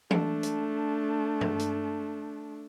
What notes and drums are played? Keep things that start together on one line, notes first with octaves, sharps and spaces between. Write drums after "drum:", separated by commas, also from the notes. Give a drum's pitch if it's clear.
A3 D4, drum: tom E3
drum: hi-hat
drum: tom
drum: hi-hat